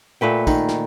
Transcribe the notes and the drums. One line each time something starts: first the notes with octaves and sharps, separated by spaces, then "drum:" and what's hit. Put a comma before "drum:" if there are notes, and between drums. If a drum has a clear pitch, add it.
A#2 A3 B4 G5
D#3, drum: kick, tambourine
drum: snare